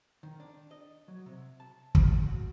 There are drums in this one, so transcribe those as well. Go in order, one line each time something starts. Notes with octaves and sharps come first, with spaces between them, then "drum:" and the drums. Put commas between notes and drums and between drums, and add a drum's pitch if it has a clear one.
D#3
D4
D#5
F#3
C3
A5
F3, drum: kick
C#3
F#4